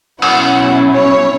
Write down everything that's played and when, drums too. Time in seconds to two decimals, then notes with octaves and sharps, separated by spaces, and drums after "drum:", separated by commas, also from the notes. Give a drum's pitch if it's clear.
0.22 B2 F#3 C#4 E4 F#5, drum: cymbal
0.95 C#5